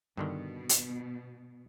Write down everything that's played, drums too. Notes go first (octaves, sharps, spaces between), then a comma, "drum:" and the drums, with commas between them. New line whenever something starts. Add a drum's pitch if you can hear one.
G2 B2 D3 D#3
drum: hi-hat